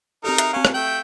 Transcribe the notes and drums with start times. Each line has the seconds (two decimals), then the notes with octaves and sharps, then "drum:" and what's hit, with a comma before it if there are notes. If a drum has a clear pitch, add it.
0.24 C4 D#4 G4 A4 A#4
0.38 E5 F#6 C7, drum: hi-hat
0.53 C4 C#4 F5
0.65 drum: rim click
0.74 A3 G5 F#7